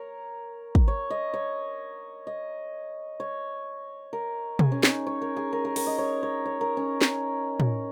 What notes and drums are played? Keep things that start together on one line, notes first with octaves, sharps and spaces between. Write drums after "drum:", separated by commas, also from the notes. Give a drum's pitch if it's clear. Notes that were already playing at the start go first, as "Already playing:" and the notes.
Already playing: A#4 C#5
drum: kick
C#5
D#5
C#5
D#5
C#5
A#4
G#4, drum: tom
C#4
D#4, drum: snare
C#5
A#4
G#4
A#4
A#4
A#4, drum: open hi-hat
D#5
C#5
C#5
C#5
A#4
C#4
drum: snare
drum: tom